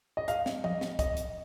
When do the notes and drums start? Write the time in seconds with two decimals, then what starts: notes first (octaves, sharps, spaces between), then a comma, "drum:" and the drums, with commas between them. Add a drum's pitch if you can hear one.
0.17 D#5
0.28 F5, drum: hi-hat
0.46 drum: snare
0.64 D#5, drum: tom F3
0.81 drum: snare
0.99 D#5, drum: kick, hi-hat
1.17 drum: hi-hat